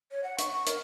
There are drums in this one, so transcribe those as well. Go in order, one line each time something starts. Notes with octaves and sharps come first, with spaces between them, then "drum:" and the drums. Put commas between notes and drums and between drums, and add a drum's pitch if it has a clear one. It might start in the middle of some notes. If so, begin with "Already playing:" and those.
C#5
F#5
C#6, drum: hi-hat
C#6
A#4, drum: hi-hat